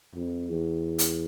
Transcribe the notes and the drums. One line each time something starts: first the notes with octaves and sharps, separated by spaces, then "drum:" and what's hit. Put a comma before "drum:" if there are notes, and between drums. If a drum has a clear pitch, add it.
F2
E2
drum: hi-hat